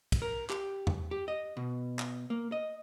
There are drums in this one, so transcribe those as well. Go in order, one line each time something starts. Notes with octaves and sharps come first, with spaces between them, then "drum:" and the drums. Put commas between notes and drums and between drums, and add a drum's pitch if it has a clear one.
drum: kick, cymbal
A#4
G4, drum: clap
drum: tom E2
G4
D#5
B2
drum: clap
A#3
D#5